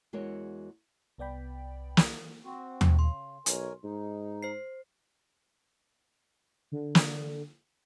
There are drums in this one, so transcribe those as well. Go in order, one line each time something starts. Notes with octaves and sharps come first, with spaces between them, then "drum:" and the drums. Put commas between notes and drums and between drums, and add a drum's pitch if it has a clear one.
E2 G#3 F#4 A#4 C#5 E5
C2 B3 D5 G5 B5
drum: snare
C4 F#4
drum: tom D#2
C#3 C6
B1 A#4 C#5 G#5, drum: hi-hat
G#2 D#4
C5 C7
D3
drum: snare